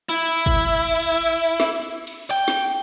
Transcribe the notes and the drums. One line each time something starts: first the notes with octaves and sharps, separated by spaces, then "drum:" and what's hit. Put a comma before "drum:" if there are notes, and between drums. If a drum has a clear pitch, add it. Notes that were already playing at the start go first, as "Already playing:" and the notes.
E4
drum: kick
drum: snare
drum: cymbal
G5, drum: tambourine
drum: snare